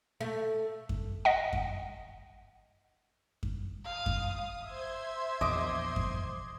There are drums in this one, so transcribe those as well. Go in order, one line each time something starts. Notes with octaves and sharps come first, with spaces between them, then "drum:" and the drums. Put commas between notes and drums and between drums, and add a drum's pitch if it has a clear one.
A3
drum: kick F#2
D#5 F#5
drum: kick F#2
drum: kick F#2
F5 D#6
drum: kick F#2
C5 E5 C6 G#6
A#1 E2 D#5 D6
drum: kick F#2